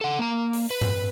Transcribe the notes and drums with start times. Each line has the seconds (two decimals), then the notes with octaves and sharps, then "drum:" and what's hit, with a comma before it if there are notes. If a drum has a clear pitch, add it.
0.01 A4 F#5
0.19 A#3 A#5
0.53 drum: open hi-hat
0.71 B4
0.81 drum: tom G2